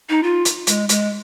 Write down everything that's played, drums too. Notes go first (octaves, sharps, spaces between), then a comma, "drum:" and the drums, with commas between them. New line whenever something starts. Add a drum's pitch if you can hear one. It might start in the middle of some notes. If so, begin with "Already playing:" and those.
D#4
F4
drum: hi-hat
G#3, drum: hi-hat
G#3, drum: hi-hat